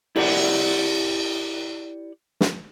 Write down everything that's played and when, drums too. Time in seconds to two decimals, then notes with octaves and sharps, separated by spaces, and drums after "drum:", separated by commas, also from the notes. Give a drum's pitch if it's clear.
0.16 E4 G4 D5 F#5, drum: cymbal
2.41 drum: snare